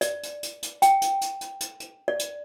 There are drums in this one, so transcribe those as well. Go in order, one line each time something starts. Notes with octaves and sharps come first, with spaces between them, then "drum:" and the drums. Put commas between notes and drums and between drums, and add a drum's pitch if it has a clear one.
D5, drum: hi-hat
drum: hi-hat
drum: hi-hat
drum: hi-hat
G5, drum: hi-hat
drum: hi-hat
drum: hi-hat
drum: hi-hat
drum: hi-hat
drum: hi-hat
D5
drum: hi-hat